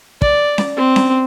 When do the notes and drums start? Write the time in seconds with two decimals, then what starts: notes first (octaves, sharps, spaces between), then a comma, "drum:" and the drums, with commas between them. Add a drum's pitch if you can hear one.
0.22 D5, drum: kick
0.58 drum: snare C#4
0.77 C4
0.96 drum: snare C#4